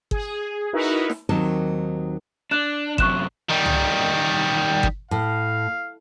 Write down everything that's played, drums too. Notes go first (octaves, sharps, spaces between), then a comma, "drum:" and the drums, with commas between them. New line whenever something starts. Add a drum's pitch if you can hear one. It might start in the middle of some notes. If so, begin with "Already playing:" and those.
G#4, drum: kick G1
D#4 E4 F#4 A#4 B4
drum: snare
D#2 D#3 F#3 A#3 C4 A5
D4 F#6 E7
F#2 C3 C#6 F#6 E7, drum: kick G1
D#3 G3
drum: tom C2
drum: kick G1
A2 F5